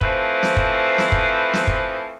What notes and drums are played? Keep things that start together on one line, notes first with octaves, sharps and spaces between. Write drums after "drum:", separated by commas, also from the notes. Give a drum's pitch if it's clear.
E3 F3 A3 C4 B4 C5, drum: kick
drum: snare
drum: kick
drum: snare
drum: kick
drum: snare
drum: kick